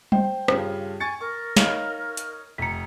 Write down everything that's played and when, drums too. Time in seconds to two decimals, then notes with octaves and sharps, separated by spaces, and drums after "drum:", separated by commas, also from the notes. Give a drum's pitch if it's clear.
0.12 C5 G5, drum: tom G3
0.48 G2 C#3 F4, drum: rim click
1.00 G#5 C#6 A6 C#7
1.20 A#4 C#6
1.57 D#4 C#5 F5, drum: snare
2.17 drum: hi-hat
2.58 F1 A#5 B6 C#7